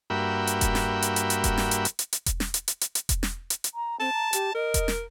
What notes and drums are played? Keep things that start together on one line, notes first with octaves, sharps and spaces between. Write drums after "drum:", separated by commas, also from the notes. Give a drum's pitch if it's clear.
G2 A#3 F#4 E5 G5 B5
drum: hi-hat
drum: kick E1, hi-hat
drum: snare
drum: hi-hat
drum: hi-hat
drum: hi-hat
drum: kick E1, hi-hat
drum: snare
drum: hi-hat
drum: hi-hat
drum: hi-hat
drum: hi-hat
drum: kick E1, hi-hat
drum: snare
drum: hi-hat
drum: hi-hat
drum: hi-hat
drum: hi-hat
drum: kick E1, hi-hat
drum: snare
drum: hi-hat
drum: hi-hat
A#5
C4 A5
A#5
G4, drum: hi-hat
A#4 D#5
drum: kick E1, hi-hat
drum: snare